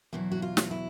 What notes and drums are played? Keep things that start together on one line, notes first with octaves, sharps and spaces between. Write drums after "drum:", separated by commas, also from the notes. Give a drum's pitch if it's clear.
E2 B2 F#3 E4
F#4
F4
drum: snare
E4